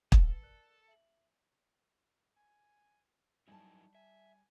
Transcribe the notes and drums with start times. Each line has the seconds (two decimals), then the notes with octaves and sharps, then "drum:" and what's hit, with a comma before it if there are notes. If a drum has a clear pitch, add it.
0.12 A4 F5 F#5 A5, drum: kick
0.26 B4 A6 C7
0.42 A#4 D5 F#6
0.88 E5 F#7
2.36 G#5
3.48 F#3 G3 D#4 E4 G#5 A5
3.95 E5 G#5